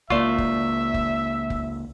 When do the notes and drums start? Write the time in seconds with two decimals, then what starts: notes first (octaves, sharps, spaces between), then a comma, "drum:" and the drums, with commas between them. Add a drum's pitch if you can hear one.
0.10 C#2 A#3 F4 D5 E5 C#6
0.38 drum: kick
0.94 drum: kick
1.50 drum: kick